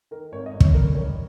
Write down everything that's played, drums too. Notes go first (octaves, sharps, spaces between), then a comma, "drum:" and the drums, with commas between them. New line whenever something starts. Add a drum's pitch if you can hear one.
D#3 A#4
G#1 C#5
D#5
G#1
C#5, drum: kick
G2 A#4
D#3 C#5